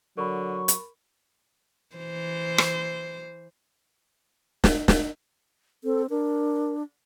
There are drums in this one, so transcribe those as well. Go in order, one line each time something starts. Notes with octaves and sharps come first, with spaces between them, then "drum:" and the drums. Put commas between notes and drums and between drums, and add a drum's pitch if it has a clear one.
D3 F#3 A#4 B5 C#6
drum: hi-hat
E3 C5
drum: rim click
drum: snare
drum: snare
C4 A4
D4 A#4